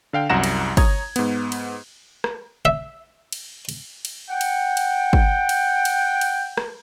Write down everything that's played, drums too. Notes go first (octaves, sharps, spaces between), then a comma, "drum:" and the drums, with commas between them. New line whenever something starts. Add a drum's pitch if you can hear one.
D3 F5 G5
C2 F#2 F#5 A#5 A#6 E7
drum: cymbal
C#5 A#5 D#6 G#6, drum: kick, cymbal
G#2 B3, drum: cymbal
drum: cymbal
drum: rim click
E5
drum: cymbal
drum: cymbal
drum: cymbal
F#5 G5
drum: cymbal
drum: cymbal
drum: kick
drum: cymbal
drum: cymbal
drum: cymbal
drum: rim click